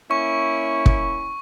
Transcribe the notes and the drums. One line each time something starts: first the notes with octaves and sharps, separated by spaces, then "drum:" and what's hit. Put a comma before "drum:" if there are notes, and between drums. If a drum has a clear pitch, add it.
A#3 C#4 E4 C#6
drum: kick